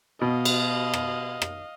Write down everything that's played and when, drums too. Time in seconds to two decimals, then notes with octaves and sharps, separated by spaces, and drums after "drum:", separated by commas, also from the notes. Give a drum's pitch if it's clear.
0.21 B2 D#5 F5
0.45 drum: cymbal
0.94 drum: rim click
1.42 drum: rim click